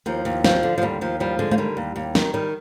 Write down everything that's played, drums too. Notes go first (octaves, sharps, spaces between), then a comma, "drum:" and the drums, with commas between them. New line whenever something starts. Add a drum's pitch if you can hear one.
D#2 F3
D#2
F3, drum: snare
D3
F3
D#2 G3
D#2 F3
F3 G3
D3 G#3
F3, drum: tom G#3
D#3 G3
D#2
D#2
D#3, drum: snare
D#3 G3